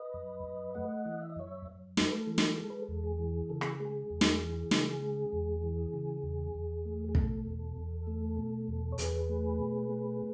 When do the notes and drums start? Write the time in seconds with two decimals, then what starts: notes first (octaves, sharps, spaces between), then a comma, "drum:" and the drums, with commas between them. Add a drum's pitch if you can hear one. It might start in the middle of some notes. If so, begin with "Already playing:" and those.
Already playing: B4 D#5
0.14 F#2
0.44 F#2
0.74 A3 D#5 F#5
1.05 E3
1.21 E5
1.30 D#5
1.36 F#2 C#5 E5
1.66 F#2
1.97 A3, drum: snare
2.08 B4
2.12 A4
2.27 E3
2.38 drum: snare
2.58 G#3 A4
2.70 B4
2.82 A4
2.88 E2
3.04 G#4
3.19 E3
3.50 C#3 A4
3.61 G#4, drum: rim click
3.80 G#3
3.85 G#4
4.10 E2
4.21 drum: snare
4.41 E3
4.71 C#3, drum: snare
5.02 G#3
5.32 E2
5.63 E3
5.93 C#3
6.23 E2
6.54 E2
6.85 A3
7.09 G#4
7.15 B2 A4, drum: kick
7.45 E2
7.76 E2
8.07 A3
8.37 B2
8.68 E2
8.92 C#5
8.98 E2 G#4 B4, drum: hi-hat
9.29 A3
9.59 B2
9.89 A3